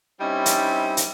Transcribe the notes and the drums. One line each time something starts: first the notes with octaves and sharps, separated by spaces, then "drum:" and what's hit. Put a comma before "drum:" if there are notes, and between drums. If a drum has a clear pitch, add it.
G3 C4 C#4 D#4 E4
drum: hi-hat
drum: hi-hat